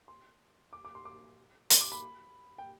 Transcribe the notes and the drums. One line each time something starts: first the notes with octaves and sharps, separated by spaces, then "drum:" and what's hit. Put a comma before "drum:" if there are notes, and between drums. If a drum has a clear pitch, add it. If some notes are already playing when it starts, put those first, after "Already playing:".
C6
D6
D6
C6
D6
C6, drum: hi-hat
D6
B5
G5